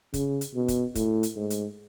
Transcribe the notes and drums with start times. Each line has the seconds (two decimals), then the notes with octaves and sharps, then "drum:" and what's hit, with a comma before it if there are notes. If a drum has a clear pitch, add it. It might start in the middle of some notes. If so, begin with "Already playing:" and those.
0.14 C#3, drum: kick, hi-hat
0.41 drum: hi-hat
0.55 B2
0.68 drum: kick, hi-hat
0.95 A2, drum: kick, hi-hat
1.23 drum: hi-hat
1.36 G#2
1.50 drum: hi-hat